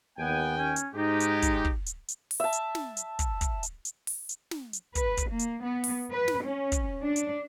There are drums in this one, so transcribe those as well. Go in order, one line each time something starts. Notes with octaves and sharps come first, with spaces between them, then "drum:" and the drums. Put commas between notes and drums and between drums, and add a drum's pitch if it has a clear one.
D#2 B3 G5 G#5
C#4
drum: hi-hat
G#2 G#3 D#4 G4
drum: hi-hat
drum: kick, hi-hat
drum: kick
drum: hi-hat
drum: hi-hat
drum: open hi-hat
E5 A5
drum: hi-hat
drum: snare
drum: hi-hat
drum: kick, hi-hat
drum: kick, hi-hat
drum: hi-hat
drum: hi-hat
drum: open hi-hat
drum: hi-hat
drum: snare
drum: hi-hat
B4, drum: kick, hi-hat
drum: kick, hi-hat
A#3
drum: hi-hat
B3
drum: open hi-hat
B4
drum: snare
C#4
drum: kick, hi-hat
D4
drum: hi-hat